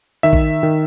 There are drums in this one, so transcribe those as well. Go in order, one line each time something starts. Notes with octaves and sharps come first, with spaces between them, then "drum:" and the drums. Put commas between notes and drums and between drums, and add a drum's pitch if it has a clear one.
D#3 E5
drum: kick A1
D#3